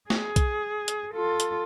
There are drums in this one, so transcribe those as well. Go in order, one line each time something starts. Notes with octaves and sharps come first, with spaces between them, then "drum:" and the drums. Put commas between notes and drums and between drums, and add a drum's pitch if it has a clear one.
G#4, drum: snare
drum: kick B1, hi-hat
drum: hi-hat
F4 A4
drum: hi-hat